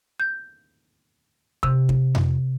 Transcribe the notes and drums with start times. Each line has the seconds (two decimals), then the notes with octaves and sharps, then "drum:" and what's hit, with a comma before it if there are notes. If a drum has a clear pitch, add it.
0.20 G6
1.63 C3, drum: kick
1.89 drum: kick
2.15 drum: tom F2